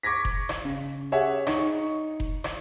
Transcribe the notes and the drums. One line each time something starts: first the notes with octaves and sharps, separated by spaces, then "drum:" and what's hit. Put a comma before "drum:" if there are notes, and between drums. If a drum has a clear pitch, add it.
C#6 D6 G#6 A#6 B6
drum: kick F1
drum: rim click
C#3
G4 G#4 C#5 E5 F#5
D#4 C#6, drum: rim click
drum: kick F1
drum: rim click